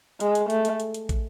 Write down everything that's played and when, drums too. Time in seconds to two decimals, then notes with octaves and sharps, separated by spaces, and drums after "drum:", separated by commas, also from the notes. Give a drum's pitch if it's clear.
0.20 G#3, drum: hi-hat
0.35 drum: hi-hat
0.50 A3, drum: hi-hat
0.65 drum: hi-hat
0.80 drum: hi-hat
0.94 drum: hi-hat
1.09 drum: kick, hi-hat